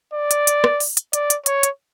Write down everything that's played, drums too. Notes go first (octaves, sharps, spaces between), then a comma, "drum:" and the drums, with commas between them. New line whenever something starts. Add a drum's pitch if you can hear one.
D5
drum: hi-hat
drum: hi-hat
drum: rim click
drum: open hi-hat
drum: hi-hat
D5, drum: hi-hat
drum: hi-hat
C#5, drum: hi-hat
drum: hi-hat